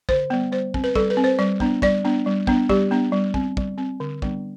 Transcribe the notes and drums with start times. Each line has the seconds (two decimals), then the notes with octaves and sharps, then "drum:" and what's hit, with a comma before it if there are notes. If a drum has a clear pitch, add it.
0.09 D3 C5, drum: kick
0.30 G3 B3
0.52 G3 C5
0.74 C4, drum: kick
0.84 B4
0.95 G3 A4, drum: kick
1.10 B4
1.17 C4
1.24 C5
1.39 G3 D5
1.60 B3 D4, drum: kick
1.82 G3 D5, drum: kick
2.05 B3 D4
2.26 G3
2.47 B3 D4, drum: kick
2.69 G3 G4, drum: kick
2.91 B3 D4
3.12 G3
3.34 C4, drum: kick
3.57 G3, drum: kick
3.78 C4
4.00 D3
4.22 G3 B3 D4, drum: kick